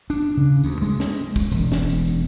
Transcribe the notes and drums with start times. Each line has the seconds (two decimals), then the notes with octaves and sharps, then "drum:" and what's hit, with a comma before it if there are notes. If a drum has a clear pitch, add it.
0.10 D4, drum: tambourine
0.37 C#3
0.64 D2, drum: tambourine
0.82 G#3, drum: tambourine
1.00 drum: snare
1.36 drum: kick, tambourine
1.51 E1, drum: tambourine
1.72 drum: snare
1.90 drum: tambourine
2.08 drum: tambourine